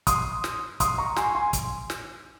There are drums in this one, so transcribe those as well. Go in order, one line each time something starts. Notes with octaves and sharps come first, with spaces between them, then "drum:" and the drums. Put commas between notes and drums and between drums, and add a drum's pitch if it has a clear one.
C6 D#6, drum: kick, hi-hat
drum: snare
C6 D#6, drum: kick, hi-hat
A#5 C#6
G#5 C6, drum: snare
G#5 C6
drum: kick, hi-hat
drum: snare